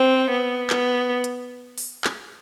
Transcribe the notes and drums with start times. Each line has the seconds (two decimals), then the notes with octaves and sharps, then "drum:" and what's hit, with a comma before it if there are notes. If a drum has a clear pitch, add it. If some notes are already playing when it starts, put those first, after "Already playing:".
Already playing: C4
0.30 B3
0.70 B3, drum: clap
1.24 drum: hi-hat
1.78 drum: open hi-hat
2.04 drum: clap